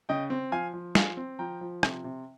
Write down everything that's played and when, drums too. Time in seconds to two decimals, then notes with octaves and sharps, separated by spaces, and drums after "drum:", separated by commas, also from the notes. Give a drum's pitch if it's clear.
0.09 C#3 D#5 G5
0.30 C4
0.52 F3 F5 G#5
0.73 F3
0.95 F3 F5 G#5, drum: snare
1.17 C4
1.39 F3 G5 A#5
1.61 F3
1.83 C3, drum: rim click
2.04 C3